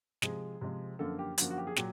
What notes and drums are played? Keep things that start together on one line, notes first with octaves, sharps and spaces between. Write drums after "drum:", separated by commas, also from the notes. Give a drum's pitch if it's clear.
C3 F3 G#3 G#4, drum: snare
C3 F3 G#3
F#2 D3 F3 A#3 A4
G4
F#2 D3 F3 A#3 F#4, drum: hi-hat
F#4
G4
G#4
A#2 F#3 G4, drum: snare